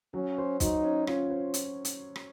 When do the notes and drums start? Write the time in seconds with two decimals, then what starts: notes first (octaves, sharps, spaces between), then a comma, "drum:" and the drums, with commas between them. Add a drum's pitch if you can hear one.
0.14 F#3 C#4
0.38 C5
0.60 F#3 D#4, drum: kick, hi-hat
0.84 C#4
1.07 C#4 F4, drum: rim click
1.30 C5
1.54 drum: hi-hat
1.85 drum: hi-hat
2.16 drum: rim click